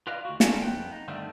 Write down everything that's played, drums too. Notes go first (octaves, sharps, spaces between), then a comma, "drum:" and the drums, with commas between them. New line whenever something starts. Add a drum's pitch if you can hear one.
F4 B4 D5 D#5 F5
D2 F#4
C#4 F4 F#4 A4 A#4, drum: snare
F2 B3 G5
D#4
G2 D3 D#3 G3 A3 C4